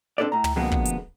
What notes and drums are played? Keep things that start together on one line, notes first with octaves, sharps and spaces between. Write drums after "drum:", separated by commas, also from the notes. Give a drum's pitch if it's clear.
C4 D4 F4 A4 B4 D5
A2 A#5
drum: tom
F2 B2 D3 G#3 A#3 B3
drum: kick
drum: hi-hat